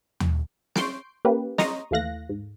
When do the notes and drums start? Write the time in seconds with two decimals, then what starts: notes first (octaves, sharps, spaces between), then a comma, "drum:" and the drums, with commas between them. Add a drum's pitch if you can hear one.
0.20 drum: tom D#2
0.76 C6 C#6 G6 C7 D7, drum: snare
1.25 A#3 C#4 G4 B4
1.58 D#5 A#5 C6 C#6 D#6, drum: snare
1.91 D#2 E3 A3 F5 F#6 A#6
2.29 G#2